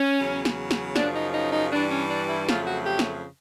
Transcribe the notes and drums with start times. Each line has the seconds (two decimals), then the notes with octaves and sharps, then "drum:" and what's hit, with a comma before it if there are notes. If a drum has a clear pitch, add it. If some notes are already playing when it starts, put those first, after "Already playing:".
Already playing: C#4
0.20 E2 C#3 F#3
0.45 drum: snare
0.71 drum: snare
0.96 F#2 C#3 F3 D4, drum: snare
1.16 D#4
1.34 D#4
1.53 D#4
1.72 G2 E3 G3 D4
1.91 C#4
2.10 D4
2.29 E4
2.49 F2 C#3 F#3 A3 F4, drum: snare
2.67 F#4
2.86 G4
2.99 drum: snare